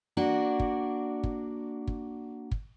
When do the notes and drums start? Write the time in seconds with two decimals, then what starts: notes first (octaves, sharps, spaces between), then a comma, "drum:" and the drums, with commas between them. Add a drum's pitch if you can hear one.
0.17 A#3 D4 F#4
0.59 drum: kick
1.23 drum: kick
1.87 drum: kick
2.51 drum: kick